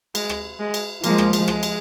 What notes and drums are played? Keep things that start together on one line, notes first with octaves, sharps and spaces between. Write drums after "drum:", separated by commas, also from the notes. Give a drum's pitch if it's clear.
G#3, drum: cymbal
drum: rim click
G#3
drum: cymbal
F3 G#3 A#3, drum: cymbal
drum: rim click
drum: cymbal
G#3, drum: rim click
drum: cymbal